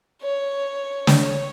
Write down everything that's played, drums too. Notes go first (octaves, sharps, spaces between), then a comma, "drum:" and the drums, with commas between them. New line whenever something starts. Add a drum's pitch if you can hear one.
C#5
drum: snare
C#5